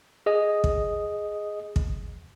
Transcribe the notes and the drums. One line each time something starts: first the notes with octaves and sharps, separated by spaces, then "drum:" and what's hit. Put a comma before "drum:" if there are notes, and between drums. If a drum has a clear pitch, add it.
G#4 D#5 D#6
drum: kick
drum: kick